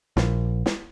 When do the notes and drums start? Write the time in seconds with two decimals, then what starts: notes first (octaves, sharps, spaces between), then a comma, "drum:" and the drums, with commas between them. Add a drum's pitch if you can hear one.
0.17 A#1, drum: snare
0.66 drum: snare